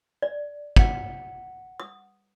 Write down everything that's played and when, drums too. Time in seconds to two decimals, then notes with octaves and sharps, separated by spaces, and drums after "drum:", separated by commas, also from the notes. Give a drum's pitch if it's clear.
0.22 D5
0.76 F#5 C#7, drum: kick
1.80 D#6